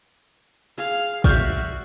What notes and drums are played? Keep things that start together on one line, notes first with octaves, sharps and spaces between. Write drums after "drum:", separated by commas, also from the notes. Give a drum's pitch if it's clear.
G#4 F5
F#4 D5 E5 F5 C#6 F6 G6, drum: kick